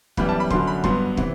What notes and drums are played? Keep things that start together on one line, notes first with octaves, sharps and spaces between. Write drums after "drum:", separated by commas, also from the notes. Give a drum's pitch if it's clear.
F#2 E3 G3 B3 B5, drum: kick
A5
B5
F#2 D3 F#3 C6, drum: kick
B5
G2 F#3 B3 C6, drum: kick
C3 E3, drum: kick